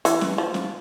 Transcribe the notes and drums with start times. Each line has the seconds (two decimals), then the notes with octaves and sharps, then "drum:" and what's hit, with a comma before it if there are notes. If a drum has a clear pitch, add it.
0.05 E3, drum: hi-hat
0.21 drum: snare
0.38 F3
0.54 drum: snare